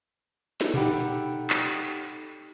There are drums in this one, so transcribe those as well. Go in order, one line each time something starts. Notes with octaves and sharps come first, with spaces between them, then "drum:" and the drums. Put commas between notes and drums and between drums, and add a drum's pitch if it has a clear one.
drum: snare
D#4 G4 A4 F#5 G5 B5, drum: tom A#2
drum: clap